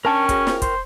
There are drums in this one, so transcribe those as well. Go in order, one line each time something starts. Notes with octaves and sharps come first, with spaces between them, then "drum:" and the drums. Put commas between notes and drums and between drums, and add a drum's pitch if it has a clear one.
C#4 D4 A#4 G5 A5 C#6
F#4 G#4 C#5, drum: kick, hi-hat
drum: snare
C5, drum: kick, hi-hat